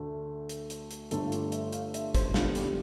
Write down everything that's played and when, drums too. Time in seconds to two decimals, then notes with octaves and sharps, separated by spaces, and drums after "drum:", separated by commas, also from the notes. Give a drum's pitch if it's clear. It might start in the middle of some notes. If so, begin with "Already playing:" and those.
Already playing: D2 D3 A3
0.49 drum: hi-hat
0.70 drum: hi-hat
0.91 drum: hi-hat
1.11 G1 G2 D3 A3 A4, drum: hi-hat
1.26 F4
1.32 G4, drum: hi-hat
1.52 E5, drum: hi-hat
1.72 F5, drum: hi-hat
1.94 E5, drum: hi-hat
2.14 C5, drum: kick, hi-hat
2.34 F2 D3 G3 B3 F4, drum: snare
2.55 G4, drum: hi-hat